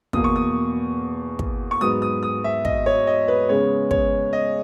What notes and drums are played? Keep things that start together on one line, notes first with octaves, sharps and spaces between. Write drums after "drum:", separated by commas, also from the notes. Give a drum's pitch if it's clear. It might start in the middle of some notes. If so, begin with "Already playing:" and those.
E2 B2 A#3 D#6, drum: kick
C#6
D#6
drum: kick
C#6
G#2 F#3 B3 D#6
D#6
D#6
E5
D#5, drum: kick
C#5
D#5
B4
C#3 G#3 B3 C#5
C#5, drum: kick
D#5